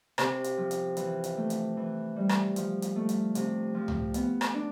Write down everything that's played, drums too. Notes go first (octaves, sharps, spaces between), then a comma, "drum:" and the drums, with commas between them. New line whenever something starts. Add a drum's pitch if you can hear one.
C3, drum: rim click
drum: hi-hat
F3
drum: hi-hat
E3, drum: hi-hat
drum: hi-hat
A3
drum: hi-hat
E3
G3
drum: rim click
F3, drum: hi-hat
drum: hi-hat
A3
drum: hi-hat
C3, drum: hi-hat
F3
drum: tom C#2
B3, drum: hi-hat
drum: rim click
D4